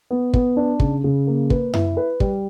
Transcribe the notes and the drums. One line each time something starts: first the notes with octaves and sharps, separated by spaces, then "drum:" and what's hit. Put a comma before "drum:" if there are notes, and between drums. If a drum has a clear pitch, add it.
B3
B3, drum: kick
D4
C#3, drum: kick
C#3
A#3
B4, drum: kick
E4, drum: tom F#2
B4
G3, drum: kick